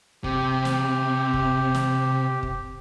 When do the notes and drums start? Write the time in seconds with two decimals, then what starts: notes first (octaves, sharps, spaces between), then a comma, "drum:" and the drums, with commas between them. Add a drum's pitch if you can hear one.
0.24 C3 G4, drum: kick
0.65 drum: snare
1.33 drum: kick
1.74 drum: snare
2.43 drum: kick